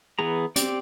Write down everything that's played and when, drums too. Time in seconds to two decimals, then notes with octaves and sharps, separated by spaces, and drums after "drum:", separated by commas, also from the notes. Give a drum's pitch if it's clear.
0.19 E3 B3 G#4 A#5
0.56 C4 G4 D5, drum: hi-hat